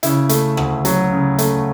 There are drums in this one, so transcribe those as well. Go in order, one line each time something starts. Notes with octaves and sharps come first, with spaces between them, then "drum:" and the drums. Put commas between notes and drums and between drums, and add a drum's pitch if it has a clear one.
C#3 E4, drum: hi-hat
A3, drum: hi-hat
D2, drum: rim click
F#3, drum: hi-hat
C#3
A3, drum: hi-hat